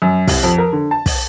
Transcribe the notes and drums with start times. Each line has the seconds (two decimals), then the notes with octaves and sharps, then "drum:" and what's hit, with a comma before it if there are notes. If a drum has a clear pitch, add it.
0.02 F#2
0.28 C2, drum: kick, open hi-hat
0.43 F2
0.58 A#4
0.73 D3
0.91 A5
1.06 drum: kick, open hi-hat